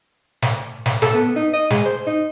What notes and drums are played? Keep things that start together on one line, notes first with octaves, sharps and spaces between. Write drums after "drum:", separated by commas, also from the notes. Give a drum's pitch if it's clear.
drum: snare
drum: snare
A4, drum: snare
B3
D#4
D#5
G#3, drum: snare
C5
D#4